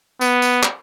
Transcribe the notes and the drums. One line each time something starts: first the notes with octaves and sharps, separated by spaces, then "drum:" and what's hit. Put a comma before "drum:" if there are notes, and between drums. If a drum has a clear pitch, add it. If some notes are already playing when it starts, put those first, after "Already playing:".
B3, drum: tambourine
drum: tambourine
drum: clap